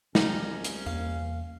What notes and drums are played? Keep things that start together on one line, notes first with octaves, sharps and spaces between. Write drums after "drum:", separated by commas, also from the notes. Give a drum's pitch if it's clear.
C2 C#4 D#4, drum: snare
drum: hi-hat
E2 A#3 F5